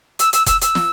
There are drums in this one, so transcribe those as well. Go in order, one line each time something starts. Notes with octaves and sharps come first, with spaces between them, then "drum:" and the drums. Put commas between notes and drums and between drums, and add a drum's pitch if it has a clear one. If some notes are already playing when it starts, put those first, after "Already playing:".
E6, drum: hi-hat
E6, drum: hi-hat
E6, drum: kick F1, hi-hat
E6, drum: hi-hat
drum: snare